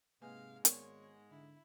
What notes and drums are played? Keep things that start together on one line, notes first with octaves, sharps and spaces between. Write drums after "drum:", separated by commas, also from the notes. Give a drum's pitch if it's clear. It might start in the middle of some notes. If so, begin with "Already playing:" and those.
G#2 C3 G#3 A#3 B4 F5 G#5
G#1 B3 A#4 C#5 D5, drum: hi-hat
D3 E4